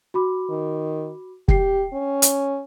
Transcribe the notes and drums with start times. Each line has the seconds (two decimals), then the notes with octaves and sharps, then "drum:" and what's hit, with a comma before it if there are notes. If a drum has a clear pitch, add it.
0.14 F#4 B5 D6
0.49 D#3
1.48 G4 G5 C7, drum: kick
1.93 C#4
2.22 drum: hi-hat